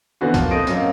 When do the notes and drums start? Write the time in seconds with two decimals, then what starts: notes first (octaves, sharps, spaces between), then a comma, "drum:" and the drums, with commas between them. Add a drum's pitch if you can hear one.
0.21 D3 E3 B3 C4 F#4
0.34 F3 A#3, drum: kick C2, hi-hat
0.51 A2 C4 D#5 D7
0.67 F#2 F#3 A#3, drum: hi-hat